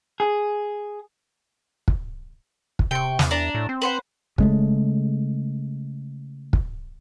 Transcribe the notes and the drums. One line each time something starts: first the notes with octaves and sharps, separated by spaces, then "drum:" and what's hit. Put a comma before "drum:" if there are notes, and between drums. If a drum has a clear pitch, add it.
G#4
drum: kick
drum: kick
C3 G5 C#6
E2, drum: snare
D4 D5 A#5
A2
C4
B4 C5 F#5
C#3 G#3 A3, drum: kick
drum: kick